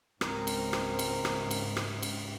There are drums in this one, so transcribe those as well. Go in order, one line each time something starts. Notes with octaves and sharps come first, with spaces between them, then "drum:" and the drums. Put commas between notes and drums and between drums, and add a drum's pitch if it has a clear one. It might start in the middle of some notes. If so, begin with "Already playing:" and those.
C#2 G#2 C4 A#4, drum: rim click
drum: cymbal
drum: rim click
drum: cymbal
drum: rim click
drum: cymbal
drum: rim click
drum: cymbal